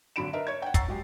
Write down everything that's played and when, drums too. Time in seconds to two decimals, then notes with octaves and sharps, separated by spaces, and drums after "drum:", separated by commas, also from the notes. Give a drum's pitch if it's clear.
0.16 G#1 D3 F#3 B5 D7 E7
0.33 D4 A#4 B4 D#5 E5
0.47 C#5 G#6
0.62 F#5 G5
0.74 F#5 A#5 C#6 E6 A6 C7, drum: kick, hi-hat
0.88 F#3 G#3 G4